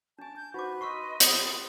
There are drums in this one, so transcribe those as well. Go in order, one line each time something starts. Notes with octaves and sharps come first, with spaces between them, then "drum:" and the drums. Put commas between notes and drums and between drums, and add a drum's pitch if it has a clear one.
D4 G#5 A5
G6
D#4 F#4 B4 C5 D6
D#5 A#5 C6 C#6 E6 B6
D#5 D#6, drum: hi-hat